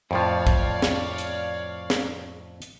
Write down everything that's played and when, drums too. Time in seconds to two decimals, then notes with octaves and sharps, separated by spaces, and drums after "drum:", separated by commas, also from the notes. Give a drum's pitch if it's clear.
0.11 F2 A2 F3 C#5 D5 F5
0.47 drum: kick, hi-hat
0.82 drum: snare
1.18 drum: hi-hat
1.90 drum: snare
2.62 drum: hi-hat